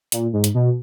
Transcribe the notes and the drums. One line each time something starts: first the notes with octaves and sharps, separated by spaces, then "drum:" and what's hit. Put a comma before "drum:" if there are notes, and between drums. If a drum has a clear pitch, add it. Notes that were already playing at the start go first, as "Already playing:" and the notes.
A#2, drum: hi-hat
G#2
drum: hi-hat
B2